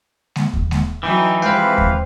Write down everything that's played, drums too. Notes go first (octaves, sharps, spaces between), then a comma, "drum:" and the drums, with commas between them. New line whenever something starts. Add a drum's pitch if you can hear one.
drum: snare G#3
drum: kick D#2
drum: snare G#3
E3 F#3 D#4 G5
C3 F3 G#3 B4 C5 F5 G5
drum: kick D#2